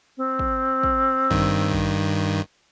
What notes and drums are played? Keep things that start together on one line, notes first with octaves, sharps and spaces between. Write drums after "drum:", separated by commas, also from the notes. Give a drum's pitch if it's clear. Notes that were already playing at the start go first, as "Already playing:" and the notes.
C4
drum: kick
drum: kick
G2 D#3, drum: kick
drum: kick